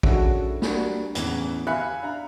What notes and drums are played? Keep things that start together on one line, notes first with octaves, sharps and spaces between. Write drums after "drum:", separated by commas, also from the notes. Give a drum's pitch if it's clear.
G#3 C#4 D4 E4 F#4 A4, drum: kick A#1
G3 A#3 D4 F#4, drum: snare
E2 A2 C#3 E3, drum: hi-hat
E5 F5 G#5 B5 F#6 C#7
D4 F5 A#5